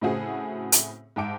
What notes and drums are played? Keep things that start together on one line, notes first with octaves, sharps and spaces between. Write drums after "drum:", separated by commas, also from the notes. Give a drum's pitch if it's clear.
A2 C#3 A3 C4 F#4 G#4
drum: hi-hat
G#2 E5 G5 A5 D6 D7